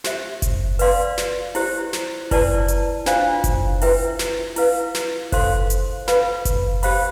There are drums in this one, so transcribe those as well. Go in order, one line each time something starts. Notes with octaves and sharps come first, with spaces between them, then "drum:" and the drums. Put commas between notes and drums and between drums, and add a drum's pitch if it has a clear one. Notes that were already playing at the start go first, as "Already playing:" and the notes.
G4 C5 E5, drum: snare
drum: kick F#1, hi-hat
B4 D5 F5 C6, drum: open hi-hat
drum: snare
E4 G4 C5, drum: open hi-hat
drum: snare
E4 B4 D5 A5, drum: kick F#1, open hi-hat
drum: hi-hat
D4 F4 C5 F5, drum: snare
drum: kick F#1, hi-hat
E4 B4 E5 G5, drum: open hi-hat
drum: snare
E4 B4 F5, drum: open hi-hat
drum: snare
A4 C5 F5 C6, drum: kick F#1, open hi-hat
drum: hi-hat
B4 F5 B5, drum: snare
drum: kick F#1, hi-hat
G4 C5 F5 B5, drum: open hi-hat